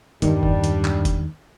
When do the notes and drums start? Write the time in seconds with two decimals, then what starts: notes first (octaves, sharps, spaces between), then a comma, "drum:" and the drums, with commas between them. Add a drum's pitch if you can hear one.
0.22 E2 G2 D#3 G3 G#3 D4, drum: hi-hat
0.43 drum: kick F1
0.64 drum: hi-hat
0.84 drum: clap
1.05 drum: kick F1, hi-hat